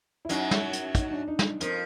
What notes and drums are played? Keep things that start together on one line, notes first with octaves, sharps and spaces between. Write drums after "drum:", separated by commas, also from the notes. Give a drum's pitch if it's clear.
E4
F#2 F#3 D#4, drum: hi-hat
drum: snare
drum: hi-hat
D#4, drum: kick, hi-hat
D4
D#4
drum: snare
F2 F3 A#4, drum: hi-hat